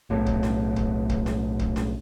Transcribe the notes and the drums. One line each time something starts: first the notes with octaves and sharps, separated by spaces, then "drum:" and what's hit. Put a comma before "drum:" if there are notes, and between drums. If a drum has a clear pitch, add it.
B1 A2
drum: kick C#1
drum: snare
drum: kick C#1
drum: kick C#1
drum: snare
drum: kick C#1
drum: snare